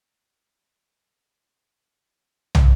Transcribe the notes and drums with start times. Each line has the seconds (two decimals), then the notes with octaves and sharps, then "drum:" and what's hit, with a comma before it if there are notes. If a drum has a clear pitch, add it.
0.21 C#4
1.30 C#5 E5
2.55 drum: tom